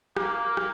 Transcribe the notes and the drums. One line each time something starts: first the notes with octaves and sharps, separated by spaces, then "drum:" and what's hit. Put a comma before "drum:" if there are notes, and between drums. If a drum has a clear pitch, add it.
A#3, drum: rim click
drum: rim click